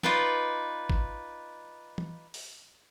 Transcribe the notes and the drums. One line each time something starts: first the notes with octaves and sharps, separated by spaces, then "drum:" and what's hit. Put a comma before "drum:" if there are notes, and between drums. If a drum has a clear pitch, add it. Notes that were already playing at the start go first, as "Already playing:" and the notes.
D#4 F4 B4 D5, drum: snare
drum: kick
drum: tom E3
drum: open hi-hat